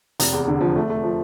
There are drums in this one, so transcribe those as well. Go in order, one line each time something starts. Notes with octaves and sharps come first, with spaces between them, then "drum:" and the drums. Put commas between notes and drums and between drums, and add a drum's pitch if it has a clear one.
F1, drum: hi-hat
E2
D3
F3
A3
A3
F3